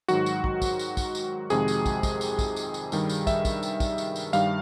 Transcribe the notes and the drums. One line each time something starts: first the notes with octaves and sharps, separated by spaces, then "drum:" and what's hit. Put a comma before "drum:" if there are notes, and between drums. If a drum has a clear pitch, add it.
G#2 D#3 F#3 F#4, drum: tambourine
drum: tambourine
drum: kick
drum: kick, tambourine
drum: tambourine
drum: kick, tambourine
drum: tambourine
F2 C3 D#3 G#3 G#4, drum: tambourine
drum: tambourine
drum: kick, tambourine
drum: kick, tambourine
drum: tambourine
drum: kick, tambourine
drum: tambourine
drum: tambourine
G2 D#3 G3, drum: tambourine
drum: tambourine
E5, drum: kick, tambourine
drum: kick, tambourine
drum: tambourine
drum: kick, tambourine
drum: tambourine
drum: tambourine
G2 D#3 G3 F5, drum: tambourine